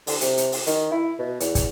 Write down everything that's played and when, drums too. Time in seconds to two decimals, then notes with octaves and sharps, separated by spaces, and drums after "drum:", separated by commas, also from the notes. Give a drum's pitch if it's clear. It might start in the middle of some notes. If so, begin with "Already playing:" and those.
0.07 D3, drum: open hi-hat
0.21 C3, drum: hi-hat
0.37 drum: hi-hat
0.52 drum: open hi-hat
0.67 D#3, drum: hi-hat
0.92 E4
1.19 B2
1.40 E2, drum: hi-hat
1.55 drum: kick, hi-hat